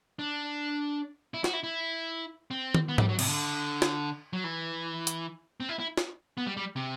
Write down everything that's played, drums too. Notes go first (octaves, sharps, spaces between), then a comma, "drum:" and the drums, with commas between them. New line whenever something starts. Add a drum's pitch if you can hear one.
D4
E4
F#4, drum: snare F4
E4
E4
C4
drum: tom
B3
G3, drum: tom G#2
F#3
C3, drum: cymbal
D3
drum: snare F4
F#3
E3
drum: hi-hat
C4
E4
E4
drum: snare F4
B3
G3
G3
C3